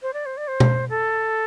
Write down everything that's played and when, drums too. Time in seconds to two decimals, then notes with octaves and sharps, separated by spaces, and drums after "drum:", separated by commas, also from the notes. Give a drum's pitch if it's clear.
0.02 C5
0.13 D5
0.26 C5
0.37 D5
0.48 C5
0.60 drum: tom B2
0.89 A4